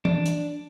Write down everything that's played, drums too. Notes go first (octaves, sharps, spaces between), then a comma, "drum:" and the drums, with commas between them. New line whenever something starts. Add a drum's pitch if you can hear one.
D4, drum: tom E3
drum: hi-hat